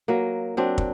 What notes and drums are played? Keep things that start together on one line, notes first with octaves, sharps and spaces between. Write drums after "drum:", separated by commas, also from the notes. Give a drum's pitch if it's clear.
F#3 A#3
F#3 C4 D4
drum: kick